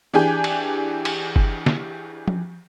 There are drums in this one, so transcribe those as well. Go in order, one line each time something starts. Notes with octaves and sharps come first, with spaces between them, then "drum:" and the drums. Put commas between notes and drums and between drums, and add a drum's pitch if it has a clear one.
E3 D4 G4 G#4 G#5 G6
drum: cymbal
drum: cymbal
drum: kick
drum: snare
drum: tom F3